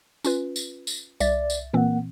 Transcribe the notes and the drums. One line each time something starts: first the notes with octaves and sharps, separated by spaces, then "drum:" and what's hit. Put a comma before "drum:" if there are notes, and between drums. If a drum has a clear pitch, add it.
C#4 F4 B4, drum: tambourine
drum: tambourine
drum: tambourine
C2 D5 E5 A6, drum: tambourine
drum: tambourine
A#2 E3 A#3 C4 F#5